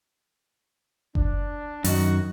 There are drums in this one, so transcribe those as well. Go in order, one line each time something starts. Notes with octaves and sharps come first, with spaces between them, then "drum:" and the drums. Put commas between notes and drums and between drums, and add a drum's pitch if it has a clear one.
D4, drum: kick F#1
F#2 D#3 D#4 F#4, drum: open hi-hat